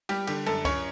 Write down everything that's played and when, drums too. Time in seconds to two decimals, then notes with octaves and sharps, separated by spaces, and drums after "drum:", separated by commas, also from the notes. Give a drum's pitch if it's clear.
0.09 G3 G4, drum: cymbal
0.27 D3 G4, drum: cymbal
0.46 F#2 A4, drum: cymbal
0.65 C#4 C#5, drum: kick C#2, cymbal